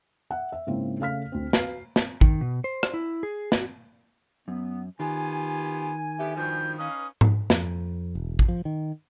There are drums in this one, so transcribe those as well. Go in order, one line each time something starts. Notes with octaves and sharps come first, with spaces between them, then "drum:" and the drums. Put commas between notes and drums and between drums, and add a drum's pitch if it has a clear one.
E5 F#5
E5
G#2 C#3 A#3 C4 E4
C#3 A3 F5 F6 B6
D2 C4
F#4 B4 F5 C7, drum: snare
drum: snare
D#3, drum: kick
B2
C5
drum: rim click
E4
G#4
F#4, drum: snare
F#2 B3
D#3 B3 F4 G4 G#5
D3 B3 G4 E5
G2 B2 F3 G6
C#4 D#4 B4 F5 D#6
drum: tom G#2
F2, drum: snare
E1
drum: kick
F3
D#3